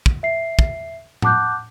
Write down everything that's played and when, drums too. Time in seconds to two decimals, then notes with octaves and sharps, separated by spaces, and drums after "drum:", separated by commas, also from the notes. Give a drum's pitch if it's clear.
0.06 drum: kick
0.23 E5 C7
0.59 drum: kick
1.22 F#5 A5 D6 F#6 G6, drum: tom A2